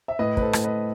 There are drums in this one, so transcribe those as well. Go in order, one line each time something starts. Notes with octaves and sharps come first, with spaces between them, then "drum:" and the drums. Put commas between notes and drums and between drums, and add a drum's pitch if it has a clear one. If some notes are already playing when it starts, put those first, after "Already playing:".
E5
A2 B4 D#5
B4, drum: kick
A4 C5
A2, drum: rim click
B4 D#5